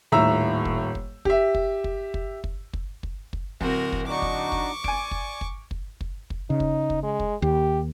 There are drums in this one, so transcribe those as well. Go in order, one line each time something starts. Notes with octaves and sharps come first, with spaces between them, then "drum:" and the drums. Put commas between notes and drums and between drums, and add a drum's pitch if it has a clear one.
D#1 A2 E5 A#5 E6
drum: kick
drum: kick
G4 E5, drum: kick
drum: kick
drum: kick
drum: kick
drum: kick
drum: kick
drum: kick
drum: kick
D1 C4 F#4 A#4, drum: kick
drum: kick
D4 D#4 F#4 C#6 D6
drum: kick
drum: kick
D5 G#5 D7, drum: kick
drum: kick
drum: kick
drum: kick
drum: kick
drum: kick
C#3 D#4
drum: kick
drum: kick
G#3
drum: kick
D#2 G4